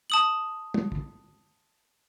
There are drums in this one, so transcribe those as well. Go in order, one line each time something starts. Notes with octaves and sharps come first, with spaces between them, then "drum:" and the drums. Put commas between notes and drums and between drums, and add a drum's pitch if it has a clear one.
A5 D#6 F#7
drum: tom
drum: kick